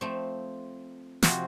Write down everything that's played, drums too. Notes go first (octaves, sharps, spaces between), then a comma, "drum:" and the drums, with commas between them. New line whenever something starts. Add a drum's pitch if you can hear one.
F3 A3 C4
C3 F3 C4 F#4, drum: snare